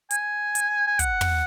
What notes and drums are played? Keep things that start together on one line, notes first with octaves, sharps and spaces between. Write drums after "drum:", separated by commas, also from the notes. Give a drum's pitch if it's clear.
G#5, drum: hi-hat
drum: hi-hat
G#5
F#5, drum: kick, hi-hat
drum: tom